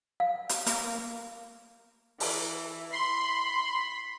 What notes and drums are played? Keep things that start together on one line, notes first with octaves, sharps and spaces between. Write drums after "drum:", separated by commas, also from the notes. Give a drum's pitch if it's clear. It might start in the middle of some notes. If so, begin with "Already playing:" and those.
F5
drum: hi-hat
A#3, drum: hi-hat
E3, drum: open hi-hat
B5 C6